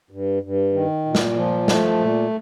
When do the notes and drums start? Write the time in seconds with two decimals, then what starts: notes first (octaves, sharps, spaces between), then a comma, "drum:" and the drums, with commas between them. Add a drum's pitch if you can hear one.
0.11 G2
0.43 G2
0.73 D#3
1.05 A#2
1.15 drum: snare
1.36 F3
1.68 A3, drum: snare
1.99 A#2